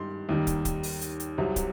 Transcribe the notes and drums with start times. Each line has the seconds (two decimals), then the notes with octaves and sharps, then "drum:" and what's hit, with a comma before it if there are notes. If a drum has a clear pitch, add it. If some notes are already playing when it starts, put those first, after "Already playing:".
Already playing: G2 D#3 G3 C6
0.29 D#2 D#3 G3
0.47 drum: kick, hi-hat
0.65 drum: kick, hi-hat
0.83 drum: open hi-hat
1.01 drum: hi-hat
1.20 drum: hi-hat
1.38 C2 C3 F#3
1.56 drum: kick, hi-hat